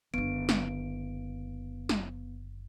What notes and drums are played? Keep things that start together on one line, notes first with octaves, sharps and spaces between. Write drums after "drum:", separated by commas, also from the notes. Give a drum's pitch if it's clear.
F#1 D3 B3 D7
drum: snare
drum: snare